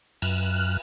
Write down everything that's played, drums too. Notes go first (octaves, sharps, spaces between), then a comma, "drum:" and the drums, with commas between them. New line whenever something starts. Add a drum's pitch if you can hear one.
F#2 F6 F#6, drum: cymbal